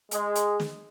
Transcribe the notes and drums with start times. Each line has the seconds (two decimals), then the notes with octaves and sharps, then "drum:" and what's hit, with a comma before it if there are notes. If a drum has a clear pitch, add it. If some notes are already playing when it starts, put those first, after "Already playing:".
0.11 G#3, drum: hi-hat
0.35 drum: hi-hat
0.60 drum: snare